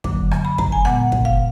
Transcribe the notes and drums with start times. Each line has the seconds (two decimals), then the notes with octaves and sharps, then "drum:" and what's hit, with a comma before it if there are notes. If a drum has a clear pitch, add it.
0.04 F#2 D3 F#3 A#3 D6, drum: kick
0.31 drum: rim click
0.45 B5
0.58 A#5, drum: kick
0.72 G#5
0.85 A#2 G#3 B3 F#5, drum: rim click
1.12 drum: kick
1.25 F5